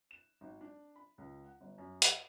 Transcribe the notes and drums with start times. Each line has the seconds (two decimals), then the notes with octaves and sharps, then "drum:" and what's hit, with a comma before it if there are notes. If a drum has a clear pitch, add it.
0.11 E7
0.41 G#1
0.61 D4
0.96 B5
1.18 C#2
1.44 F#5
1.61 G1
1.78 F#2
2.02 D#6, drum: hi-hat